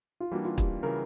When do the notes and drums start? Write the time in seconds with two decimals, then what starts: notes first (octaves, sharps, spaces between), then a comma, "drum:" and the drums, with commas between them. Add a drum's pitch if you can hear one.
0.20 F4
0.31 E3 G3 A#3 D4 F#4
0.45 F4
0.58 G4, drum: kick
0.83 C#3 E3 G3 A#4